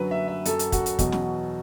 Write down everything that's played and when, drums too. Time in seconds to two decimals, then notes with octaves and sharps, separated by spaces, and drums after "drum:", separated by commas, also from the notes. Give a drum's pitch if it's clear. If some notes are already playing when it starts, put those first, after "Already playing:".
Already playing: F#2 D3 F#3 B4
0.11 E5
0.28 E5
0.45 F#2 F#3 A4, drum: hi-hat
0.59 drum: hi-hat
0.72 F#4, drum: kick, hi-hat
0.86 drum: hi-hat
0.99 E2 B2 F#3 F#4, drum: kick, hi-hat
1.12 drum: snare